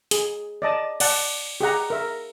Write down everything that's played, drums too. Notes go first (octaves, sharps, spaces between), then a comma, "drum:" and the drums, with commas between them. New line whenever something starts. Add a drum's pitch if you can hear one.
G#4, drum: hi-hat
D5 D#5 A5
D5 F#5 A5, drum: cymbal
G4 G#4 F#5 A#5
A#4 E5